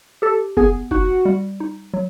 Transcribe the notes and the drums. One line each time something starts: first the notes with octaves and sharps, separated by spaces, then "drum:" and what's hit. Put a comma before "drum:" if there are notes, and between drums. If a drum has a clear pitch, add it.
G4 A4
B3 G#4, drum: kick
D#4 F#4, drum: kick
G3
D#4
F#3